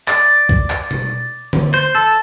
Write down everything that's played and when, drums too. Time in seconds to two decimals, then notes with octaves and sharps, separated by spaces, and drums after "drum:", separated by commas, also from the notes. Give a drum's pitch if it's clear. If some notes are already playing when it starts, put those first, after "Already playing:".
0.08 D5, drum: clap
0.49 drum: kick
0.70 drum: clap
0.91 drum: tom B2
1.53 drum: tom D3
1.74 C5
1.95 A4